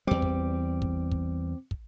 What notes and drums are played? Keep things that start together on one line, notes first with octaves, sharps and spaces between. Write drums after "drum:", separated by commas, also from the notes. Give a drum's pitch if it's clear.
E2 G3 C4 D6
drum: kick
drum: kick
drum: kick
drum: kick